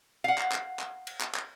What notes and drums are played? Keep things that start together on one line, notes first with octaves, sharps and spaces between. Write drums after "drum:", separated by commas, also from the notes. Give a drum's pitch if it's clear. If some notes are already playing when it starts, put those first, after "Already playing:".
F5 F#5
drum: clap
drum: clap
drum: clap
drum: cymbal
drum: clap
drum: clap